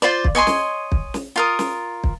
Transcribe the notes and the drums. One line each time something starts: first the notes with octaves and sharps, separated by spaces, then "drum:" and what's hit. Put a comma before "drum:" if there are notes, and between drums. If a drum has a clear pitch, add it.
F4 C5 D5
drum: kick
C#5 D#5 G#5 C6
drum: snare
drum: kick
drum: snare
F4 A#4 D#6
drum: snare
drum: kick